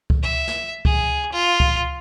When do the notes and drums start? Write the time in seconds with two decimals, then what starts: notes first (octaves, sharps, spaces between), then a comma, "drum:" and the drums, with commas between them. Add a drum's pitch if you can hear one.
0.10 drum: kick C#2
0.23 E5
0.47 drum: snare
0.85 G#4, drum: kick C#2
1.32 F4
1.60 drum: kick C#2